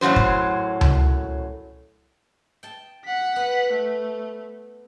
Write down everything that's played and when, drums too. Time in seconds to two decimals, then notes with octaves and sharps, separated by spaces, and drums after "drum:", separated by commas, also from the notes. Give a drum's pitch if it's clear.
0.01 F#2 A2 C3 F#3 C5
0.16 drum: kick
0.81 drum: tom C#2
2.63 G5 A5
3.05 F#5 B6
3.36 B3
3.72 A3